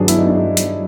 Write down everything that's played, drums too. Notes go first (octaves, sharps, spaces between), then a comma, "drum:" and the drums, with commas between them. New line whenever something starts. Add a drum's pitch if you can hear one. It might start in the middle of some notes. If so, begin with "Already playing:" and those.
Already playing: G2 D#3 F#3 B3 D4 F#4 G#4
E4, drum: hi-hat
D#4
D4
D#4
F#3, drum: hi-hat